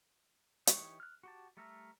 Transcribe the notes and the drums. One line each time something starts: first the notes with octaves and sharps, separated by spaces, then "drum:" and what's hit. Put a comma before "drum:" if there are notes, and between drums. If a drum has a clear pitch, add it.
E3 D#4 G4 C#5, drum: hi-hat
F6 F#6
F#4 G4 A5
G3 A3 A4 A#4 E5